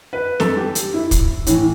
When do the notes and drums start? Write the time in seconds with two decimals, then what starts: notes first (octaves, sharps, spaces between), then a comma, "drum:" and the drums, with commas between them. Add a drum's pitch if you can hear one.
0.13 B4
0.40 A4, drum: snare
0.57 G4
0.75 drum: hi-hat
0.94 E4
1.11 drum: kick, hi-hat
1.47 A2 E3, drum: hi-hat